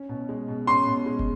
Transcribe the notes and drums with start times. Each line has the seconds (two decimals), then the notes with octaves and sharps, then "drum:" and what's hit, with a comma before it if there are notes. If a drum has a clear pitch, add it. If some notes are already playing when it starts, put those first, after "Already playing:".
Already playing: C#4
0.09 B2
0.29 G#3
0.48 B2
0.67 C#4 C6
0.87 B2
1.06 G#3
1.19 drum: kick